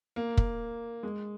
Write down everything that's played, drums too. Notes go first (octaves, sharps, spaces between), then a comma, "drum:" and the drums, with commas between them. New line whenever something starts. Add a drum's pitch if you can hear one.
A#3
drum: kick
G#3